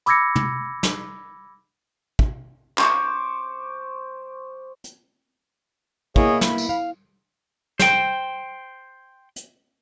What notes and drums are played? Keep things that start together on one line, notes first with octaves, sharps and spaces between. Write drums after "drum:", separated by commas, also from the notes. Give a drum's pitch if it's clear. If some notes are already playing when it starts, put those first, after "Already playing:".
B5 D6 E6 G#6 A#6 C#7, drum: hi-hat
drum: tom
drum: snare
drum: kick
C5 C#6 D6, drum: clap
drum: hi-hat
A#3 B3 E4 G#4 C#5 D#5, drum: kick
B5, drum: snare
drum: tambourine
F5
C5 G5, drum: snare
drum: hi-hat